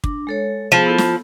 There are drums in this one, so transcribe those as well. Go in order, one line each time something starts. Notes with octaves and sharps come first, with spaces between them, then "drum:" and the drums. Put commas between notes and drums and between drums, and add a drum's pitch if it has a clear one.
D4, drum: kick
G#3 A4 C#5
F3 B3 G#4
B3 E4 A4
drum: snare